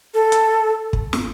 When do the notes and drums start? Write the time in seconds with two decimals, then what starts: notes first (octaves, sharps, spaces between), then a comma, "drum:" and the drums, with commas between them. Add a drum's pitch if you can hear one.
0.14 A4
0.32 drum: hi-hat
0.93 drum: kick
1.13 drum: snare